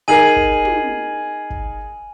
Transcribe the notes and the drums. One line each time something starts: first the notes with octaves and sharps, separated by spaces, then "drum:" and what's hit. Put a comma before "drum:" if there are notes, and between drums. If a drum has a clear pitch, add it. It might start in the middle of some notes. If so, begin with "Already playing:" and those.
D#4 G#4 A#4 G#5 D#7 F#7
drum: kick
drum: tom
drum: kick